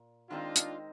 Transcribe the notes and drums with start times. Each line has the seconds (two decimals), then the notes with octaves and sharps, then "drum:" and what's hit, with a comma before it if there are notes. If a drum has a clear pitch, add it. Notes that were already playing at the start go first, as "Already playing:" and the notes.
Already playing: A#2
0.30 D#3 G#3 C4 D4 D#4 F4
0.56 drum: hi-hat